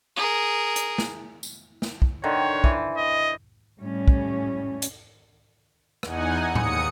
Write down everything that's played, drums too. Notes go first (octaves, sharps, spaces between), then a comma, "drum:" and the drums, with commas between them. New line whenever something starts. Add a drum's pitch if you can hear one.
G#4 A#4
drum: hi-hat
drum: snare
drum: tambourine
drum: snare
drum: kick
D3 D#3 C5 C#5
E3, drum: kick
D#5
A2 G3 C#4
drum: kick
drum: hi-hat
E2 D#4 F#5 G#5, drum: rim click
D#2 D#6 C#7
drum: tom A2